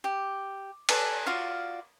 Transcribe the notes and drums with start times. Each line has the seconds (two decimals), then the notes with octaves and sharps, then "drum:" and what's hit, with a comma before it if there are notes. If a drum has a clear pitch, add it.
0.04 G4
0.89 A4 B4 D5 G#5, drum: cymbal
1.26 F4 F#4 D5 F5